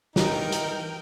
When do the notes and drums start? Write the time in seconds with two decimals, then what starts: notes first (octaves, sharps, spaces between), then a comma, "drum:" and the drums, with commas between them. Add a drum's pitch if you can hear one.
0.16 E3 D#4 A#4 G5, drum: snare
0.52 drum: hi-hat